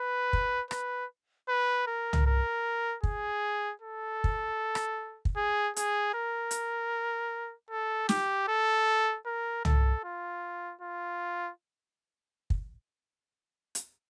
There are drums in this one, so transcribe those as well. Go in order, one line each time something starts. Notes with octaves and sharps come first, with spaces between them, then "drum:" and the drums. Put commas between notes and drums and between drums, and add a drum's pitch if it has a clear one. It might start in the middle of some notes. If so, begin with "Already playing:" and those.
Already playing: B4
drum: kick
B4, drum: rim click
B4
A#4
drum: tom
A#4
G#4, drum: kick
A4
drum: kick
drum: rim click
drum: kick
G#4
G#4, drum: hi-hat
A#4
drum: hi-hat
A4
G4, drum: snare
A4
A#4
A4, drum: tom
F4
F4
drum: kick
drum: hi-hat